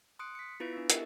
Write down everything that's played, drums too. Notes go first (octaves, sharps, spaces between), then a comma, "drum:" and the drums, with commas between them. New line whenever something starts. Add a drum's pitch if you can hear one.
C6 D#6 F#6 C#7 D7
B6 C#7
B3 E4 F4 B4 A#6 D7
B3 D4
E4 G4 A4 A#4 D#5 E5, drum: hi-hat